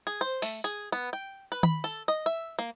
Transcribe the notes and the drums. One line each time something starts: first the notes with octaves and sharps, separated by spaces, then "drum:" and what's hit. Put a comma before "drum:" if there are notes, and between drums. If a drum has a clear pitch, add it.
G#4
C5
A3, drum: open hi-hat
G#4, drum: hi-hat
B3
G5
B4
B5, drum: tom D#3
A4
D#5
E5
A#3